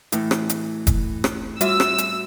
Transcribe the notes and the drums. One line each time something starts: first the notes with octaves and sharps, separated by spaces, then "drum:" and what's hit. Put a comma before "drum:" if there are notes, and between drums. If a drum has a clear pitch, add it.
A2 E3, drum: hi-hat
drum: rim click
drum: hi-hat
drum: kick, hi-hat
drum: rim click
G3 F#4 E5 E6, drum: hi-hat
drum: rim click
drum: hi-hat